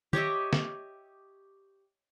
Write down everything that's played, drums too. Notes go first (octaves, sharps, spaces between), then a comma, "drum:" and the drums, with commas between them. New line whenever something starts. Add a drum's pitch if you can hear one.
G4 C#5 D#5 E5, drum: tom
drum: snare